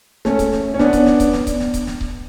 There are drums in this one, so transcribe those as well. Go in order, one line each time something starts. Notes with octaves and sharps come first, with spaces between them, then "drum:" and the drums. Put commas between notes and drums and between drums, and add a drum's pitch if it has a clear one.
A3 C#4, drum: snare
drum: kick C#1, hi-hat
drum: snare
C#4
B3 D4, drum: snare
drum: kick C#1, hi-hat
drum: snare
drum: kick C#1, hi-hat
drum: snare
drum: kick C#1, hi-hat
drum: snare
drum: kick C#1, hi-hat
drum: snare
drum: kick C#1